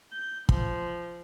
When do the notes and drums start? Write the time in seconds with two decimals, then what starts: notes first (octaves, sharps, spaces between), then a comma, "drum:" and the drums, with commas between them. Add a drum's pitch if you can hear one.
0.11 G6
0.49 F3, drum: kick